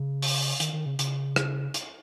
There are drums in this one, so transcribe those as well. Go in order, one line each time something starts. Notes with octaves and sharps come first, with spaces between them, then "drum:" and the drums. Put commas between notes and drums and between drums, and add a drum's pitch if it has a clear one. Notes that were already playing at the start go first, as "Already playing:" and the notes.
Already playing: C#3
drum: open hi-hat
D#3, drum: hi-hat
D#3
C#3
C#3, drum: hi-hat
drum: rim click
drum: hi-hat